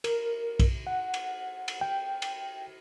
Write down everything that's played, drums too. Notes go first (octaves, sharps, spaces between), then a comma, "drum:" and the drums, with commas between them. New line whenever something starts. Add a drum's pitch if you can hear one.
A#4, drum: cymbal
drum: kick B1, cymbal
F#5
drum: cymbal
drum: cymbal
G5
drum: cymbal